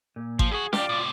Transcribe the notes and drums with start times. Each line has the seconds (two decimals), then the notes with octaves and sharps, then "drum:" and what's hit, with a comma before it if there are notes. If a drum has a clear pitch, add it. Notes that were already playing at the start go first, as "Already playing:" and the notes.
0.16 A#2
0.39 F3, drum: kick G#1
0.51 F2 F#4 G#4
0.73 F#2 F4 G4 D5, drum: snare
0.89 A2 C3